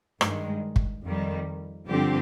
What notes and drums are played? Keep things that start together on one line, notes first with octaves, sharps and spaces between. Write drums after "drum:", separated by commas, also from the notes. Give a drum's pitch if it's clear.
G2 D#3 G#3, drum: rim click
drum: kick
F2 D#3 G3
G2 D3 F3 C4 G4